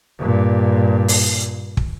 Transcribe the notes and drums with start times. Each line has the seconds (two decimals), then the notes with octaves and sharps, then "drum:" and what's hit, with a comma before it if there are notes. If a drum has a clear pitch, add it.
0.19 G2 A#2
1.08 drum: open hi-hat
1.77 drum: kick